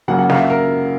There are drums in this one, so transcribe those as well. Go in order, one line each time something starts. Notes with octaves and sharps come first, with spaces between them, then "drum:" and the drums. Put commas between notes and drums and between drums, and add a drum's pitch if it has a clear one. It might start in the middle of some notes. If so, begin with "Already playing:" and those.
F#2 C#3 F#3 A#3 F#5
F#5
F5, drum: snare
E5
A#4